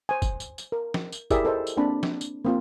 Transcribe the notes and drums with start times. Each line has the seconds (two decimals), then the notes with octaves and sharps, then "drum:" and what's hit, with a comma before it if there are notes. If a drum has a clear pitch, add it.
0.09 C5 G#5
0.22 drum: kick, tambourine
0.40 drum: tambourine
0.58 drum: tambourine
0.72 A#4
0.94 drum: snare
1.12 drum: tambourine
1.31 E4 G4 G#4 A#4 D5 E5, drum: kick, tambourine
1.45 A4 A#4 C5 D#5
1.67 drum: tambourine
1.77 A#3 C4 D4 A5 B5
2.03 drum: snare
2.21 drum: tambourine
2.45 A#3 C4 F4